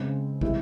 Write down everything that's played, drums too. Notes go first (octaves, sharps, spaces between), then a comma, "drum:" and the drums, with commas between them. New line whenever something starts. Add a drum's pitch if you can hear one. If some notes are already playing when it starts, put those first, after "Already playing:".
Already playing: C#3 G#3 C4
C3 E3 G#3 E4, drum: kick